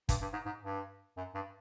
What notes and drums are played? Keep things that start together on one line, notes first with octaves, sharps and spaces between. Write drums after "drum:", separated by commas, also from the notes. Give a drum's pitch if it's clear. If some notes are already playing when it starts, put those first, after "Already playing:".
G2, drum: kick, hi-hat
G2
G#2
G#2
G2
F#2
G2